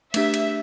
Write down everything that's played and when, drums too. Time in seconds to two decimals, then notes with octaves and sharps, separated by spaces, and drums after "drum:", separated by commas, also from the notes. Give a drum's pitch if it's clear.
0.14 A3 D4 G4 E5, drum: cymbal
0.34 drum: cymbal